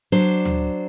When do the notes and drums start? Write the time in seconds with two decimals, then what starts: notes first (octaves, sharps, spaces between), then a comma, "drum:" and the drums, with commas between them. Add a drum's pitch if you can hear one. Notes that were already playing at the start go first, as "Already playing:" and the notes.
0.12 F#3 D4 C5, drum: hi-hat
0.45 drum: tom D2